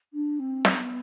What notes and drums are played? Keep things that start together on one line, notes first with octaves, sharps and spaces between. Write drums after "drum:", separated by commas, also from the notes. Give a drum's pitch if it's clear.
D4
C4
drum: snare
B3